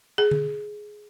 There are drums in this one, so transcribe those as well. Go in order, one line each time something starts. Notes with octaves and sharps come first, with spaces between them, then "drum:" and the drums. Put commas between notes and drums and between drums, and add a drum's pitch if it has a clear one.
G#4
drum: tom D3